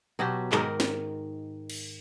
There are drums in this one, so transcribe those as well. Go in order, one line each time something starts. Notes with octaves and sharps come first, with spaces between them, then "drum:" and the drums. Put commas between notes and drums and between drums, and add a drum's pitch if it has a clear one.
B2 F#3 F#4 G4
G#2 D#3 A#4, drum: clap
drum: snare
drum: cymbal